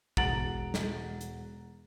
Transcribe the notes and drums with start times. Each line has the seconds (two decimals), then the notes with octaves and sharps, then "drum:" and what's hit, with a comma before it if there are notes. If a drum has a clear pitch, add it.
0.17 E1 F#5 A#5 A6 D7 F#7, drum: kick
0.74 drum: snare
1.21 drum: hi-hat